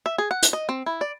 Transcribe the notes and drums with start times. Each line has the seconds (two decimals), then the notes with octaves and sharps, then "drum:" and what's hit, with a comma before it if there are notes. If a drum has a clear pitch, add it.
0.06 E5
0.18 G#4
0.31 F#5
0.43 drum: hi-hat
0.53 D#5
0.69 C4
0.86 E4
1.01 D5